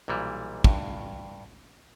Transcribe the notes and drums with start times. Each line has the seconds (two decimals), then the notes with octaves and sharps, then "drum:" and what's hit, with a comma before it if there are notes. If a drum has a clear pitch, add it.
0.08 B1 A#2 E3 G3
0.64 G2, drum: kick